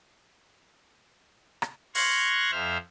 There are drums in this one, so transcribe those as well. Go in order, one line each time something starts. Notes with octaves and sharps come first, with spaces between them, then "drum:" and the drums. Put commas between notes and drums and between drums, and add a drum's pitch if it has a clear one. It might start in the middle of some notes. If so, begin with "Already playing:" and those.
drum: rim click
C6 C#6 F6 F#6 G#6 A#6, drum: open hi-hat
F2 C5 E5 F6